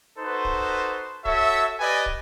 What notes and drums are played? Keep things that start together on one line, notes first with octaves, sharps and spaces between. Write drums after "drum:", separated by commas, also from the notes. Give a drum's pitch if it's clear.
D#4 F#4 A4 B4 C5
drum: kick
F#4 A4 C#5 E5, drum: kick
G4 B4 D5 D#5 G#5
drum: kick